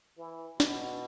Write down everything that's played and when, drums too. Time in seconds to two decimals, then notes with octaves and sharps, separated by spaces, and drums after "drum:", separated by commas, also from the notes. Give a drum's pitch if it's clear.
0.18 E3
0.60 B2, drum: snare